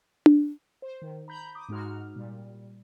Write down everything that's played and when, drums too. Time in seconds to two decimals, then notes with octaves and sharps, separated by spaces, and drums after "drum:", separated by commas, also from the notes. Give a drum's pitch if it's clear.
0.26 drum: tom D4
0.82 C5
1.02 D#3
1.28 A#5 B5 G6
1.55 D6 D#6
1.69 G#2 G#3 D#4 F#4 F6
2.16 A#2 G3